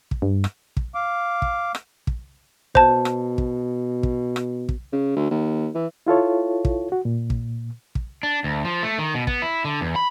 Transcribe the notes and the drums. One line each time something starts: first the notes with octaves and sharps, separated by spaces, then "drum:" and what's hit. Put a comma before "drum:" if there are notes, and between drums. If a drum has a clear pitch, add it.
drum: kick
G2
drum: rim click
drum: kick
F5 D6
drum: kick
drum: rim click
drum: kick
B2 C5 A5, drum: kick
drum: rim click
drum: kick
drum: kick
drum: rim click
drum: kick
C#3
D2
D#2
E3
E4 F4 A4 C#5
drum: kick
F#4
A#2
drum: kick
drum: kick
D4
D2
F3
A3
D#3
B2
B3, drum: kick
E4
D3
E2
B5